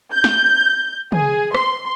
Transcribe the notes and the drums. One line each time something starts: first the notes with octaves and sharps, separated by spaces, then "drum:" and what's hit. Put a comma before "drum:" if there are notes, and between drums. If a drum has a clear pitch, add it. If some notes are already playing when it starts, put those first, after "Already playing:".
G6
drum: snare
G#4, drum: tom
C6, drum: rim click